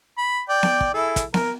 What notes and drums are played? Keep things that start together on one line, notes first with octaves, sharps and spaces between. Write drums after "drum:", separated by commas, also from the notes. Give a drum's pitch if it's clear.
B5
D5 G5
drum: snare B3
drum: kick
E4 G#4 A4
drum: kick, hi-hat
A#4, drum: snare B3